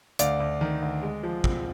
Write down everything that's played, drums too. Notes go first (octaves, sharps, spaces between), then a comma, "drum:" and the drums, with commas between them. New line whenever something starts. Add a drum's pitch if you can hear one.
D2 D5 F5, drum: hi-hat
D2
D#3
D2
G#3
F3
F2, drum: kick